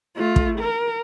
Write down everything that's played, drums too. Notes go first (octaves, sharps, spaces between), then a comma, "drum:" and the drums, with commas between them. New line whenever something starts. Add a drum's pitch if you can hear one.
A3 F4
drum: kick
A#4